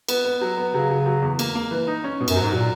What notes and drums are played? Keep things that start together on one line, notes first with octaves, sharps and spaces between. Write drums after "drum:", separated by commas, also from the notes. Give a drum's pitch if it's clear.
B3, drum: cymbal
B3
F#3
B3
C#3 F#3
F#3
F#3
E2
A#3, drum: cymbal
A#3
E3
D#4
C#4
B2
F#2, drum: cymbal
F#3
G#2
A#2 F#3